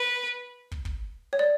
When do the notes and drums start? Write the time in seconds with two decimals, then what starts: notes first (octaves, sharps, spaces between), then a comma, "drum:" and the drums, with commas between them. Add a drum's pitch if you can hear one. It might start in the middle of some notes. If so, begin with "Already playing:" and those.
Already playing: B4
0.72 drum: kick
0.85 drum: kick
1.33 C#5
1.39 D5